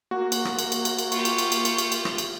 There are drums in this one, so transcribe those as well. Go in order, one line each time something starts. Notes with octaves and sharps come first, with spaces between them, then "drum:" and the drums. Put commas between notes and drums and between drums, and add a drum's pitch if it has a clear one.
A#3 F#4
drum: cymbal
drum: rim click
drum: cymbal
drum: cymbal
drum: cymbal
drum: cymbal
F4 G4 C#6, drum: cymbal
drum: cymbal
drum: cymbal
drum: cymbal
drum: cymbal
drum: cymbal
drum: cymbal
drum: rim click
drum: cymbal